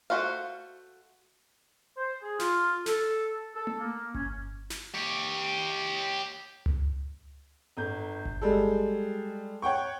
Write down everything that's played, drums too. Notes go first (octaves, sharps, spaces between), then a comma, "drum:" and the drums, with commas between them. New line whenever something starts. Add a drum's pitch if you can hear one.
A3 D#4 F#4 C5 F5
C5
G#4
F4, drum: snare
A4, drum: snare
A4
drum: tom A3
A#3
C#4, drum: kick G1
drum: snare
G4 C#5
drum: tom C#2
G1 G6
drum: kick G1
G3 G#3 A4
C#5 F#5 G5 C#6